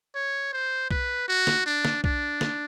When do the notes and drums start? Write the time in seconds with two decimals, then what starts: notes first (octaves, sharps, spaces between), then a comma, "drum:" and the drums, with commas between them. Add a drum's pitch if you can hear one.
0.16 C#5
0.53 C5
0.91 B4, drum: kick B1
1.28 F#4
1.47 drum: snare
1.66 D4
1.85 drum: snare
2.04 D4, drum: kick B1
2.41 drum: snare